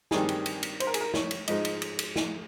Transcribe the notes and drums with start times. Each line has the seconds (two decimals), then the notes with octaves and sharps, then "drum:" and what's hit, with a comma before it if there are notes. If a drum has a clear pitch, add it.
0.11 G2 D#3 G3 C4 D#4 G#4, drum: snare
0.29 drum: cymbal
0.46 drum: cymbal
0.63 drum: cymbal
0.80 C5, drum: cymbal
0.87 A#4
0.94 G#4, drum: cymbal
1.01 A#4
1.14 C#5, drum: snare
1.31 drum: cymbal
1.48 G#2 F3 G#3 D#4 D#5, drum: cymbal
1.65 drum: cymbal
1.82 drum: cymbal
1.99 drum: cymbal
2.16 drum: snare